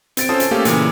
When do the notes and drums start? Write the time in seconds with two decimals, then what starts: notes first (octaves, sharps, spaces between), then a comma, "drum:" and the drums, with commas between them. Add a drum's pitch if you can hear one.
0.17 C4 A6 D7, drum: hi-hat
0.29 C#4 F4 A4 C5 A5 D#6
0.40 drum: hi-hat
0.51 A3 A#3 C#4 G4 A4 F5
0.65 A#2 C#3 E3, drum: hi-hat